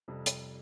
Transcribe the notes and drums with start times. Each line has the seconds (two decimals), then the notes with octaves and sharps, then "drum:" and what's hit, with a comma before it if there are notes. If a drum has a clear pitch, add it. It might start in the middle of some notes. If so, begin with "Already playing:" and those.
0.08 F2 C3 G3
0.26 drum: hi-hat